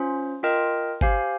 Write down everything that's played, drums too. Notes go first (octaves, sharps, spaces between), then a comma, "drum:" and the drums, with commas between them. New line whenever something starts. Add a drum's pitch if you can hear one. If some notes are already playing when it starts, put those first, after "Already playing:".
Already playing: C#4 F4 C5
F4 A#4 D#5 G5
G4 C5 F5 G#5, drum: kick G1